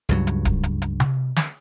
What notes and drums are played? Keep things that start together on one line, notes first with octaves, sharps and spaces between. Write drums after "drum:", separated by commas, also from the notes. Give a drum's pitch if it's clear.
C#2 G2 F#3
drum: hi-hat
drum: kick D1, hi-hat
drum: hi-hat
drum: hi-hat
drum: tom C3
drum: snare